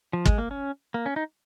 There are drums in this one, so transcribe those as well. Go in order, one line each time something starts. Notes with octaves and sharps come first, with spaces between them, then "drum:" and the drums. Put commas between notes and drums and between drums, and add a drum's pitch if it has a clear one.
F3
G#3, drum: kick
A#3
C#4
A#3
C#4
D#4